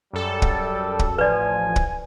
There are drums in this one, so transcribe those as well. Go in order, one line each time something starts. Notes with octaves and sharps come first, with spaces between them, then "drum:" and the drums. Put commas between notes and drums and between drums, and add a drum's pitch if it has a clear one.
F#2 G3 A4
drum: kick
drum: kick
A1 F3 B4 D5 G#5
drum: kick